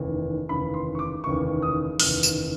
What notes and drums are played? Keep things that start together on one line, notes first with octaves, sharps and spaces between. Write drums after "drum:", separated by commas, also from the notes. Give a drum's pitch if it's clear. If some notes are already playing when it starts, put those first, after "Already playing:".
Already playing: F1 D#2 C#3 E3
F1 D#2 C#3 E3 B5
C6
C#6
D6
F1 D#2 C#3 E3 C#6
D#6
F1 D#2 C#3 E3 F6, drum: open hi-hat
drum: tambourine